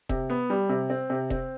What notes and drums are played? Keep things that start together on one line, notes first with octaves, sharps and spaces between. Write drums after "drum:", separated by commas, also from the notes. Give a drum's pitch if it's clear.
C3, drum: kick E1
B3
G3
C3
C4
C3
C4, drum: kick E1